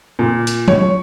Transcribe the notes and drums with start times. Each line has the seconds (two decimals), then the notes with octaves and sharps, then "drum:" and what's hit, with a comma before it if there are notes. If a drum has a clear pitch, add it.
0.19 A#2
0.47 drum: hi-hat
0.68 C#5, drum: tom F#3